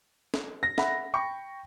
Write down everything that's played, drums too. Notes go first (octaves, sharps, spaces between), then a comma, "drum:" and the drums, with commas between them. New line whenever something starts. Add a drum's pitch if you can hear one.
drum: snare
A#6
E5 F#5 B5, drum: snare
G5 B5 C#6